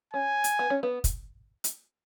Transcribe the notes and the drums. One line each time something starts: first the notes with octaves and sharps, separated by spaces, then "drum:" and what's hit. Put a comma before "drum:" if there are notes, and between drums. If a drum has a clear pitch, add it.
C#4 G#5
drum: hi-hat
B3
C#4
B3
drum: kick, hi-hat
drum: hi-hat